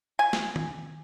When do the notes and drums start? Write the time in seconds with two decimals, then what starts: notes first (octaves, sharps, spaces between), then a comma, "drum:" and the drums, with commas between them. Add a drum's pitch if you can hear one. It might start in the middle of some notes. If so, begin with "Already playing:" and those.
0.19 G#5
0.33 drum: snare
0.56 drum: tom D#3